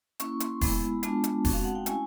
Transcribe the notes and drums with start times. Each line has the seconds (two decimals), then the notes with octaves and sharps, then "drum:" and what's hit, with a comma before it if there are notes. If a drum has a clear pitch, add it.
0.20 A#3 C#4 E4 C#6, drum: hi-hat
0.40 C6, drum: hi-hat
0.61 G#3 B3 E4 B5, drum: kick E1, open hi-hat
1.03 G#3 B3 D4 F4 A5, drum: hi-hat
1.24 drum: hi-hat
1.45 G#3 C4 D#4 F#4, drum: kick E1, open hi-hat
1.53 F5
1.64 F#5
1.75 G5
1.86 A3 C#4 E4 G#5, drum: hi-hat